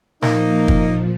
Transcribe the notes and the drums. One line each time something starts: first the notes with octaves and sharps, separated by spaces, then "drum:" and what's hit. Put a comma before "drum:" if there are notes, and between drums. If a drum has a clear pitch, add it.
A#2 F3 A#3 D#4, drum: snare
drum: kick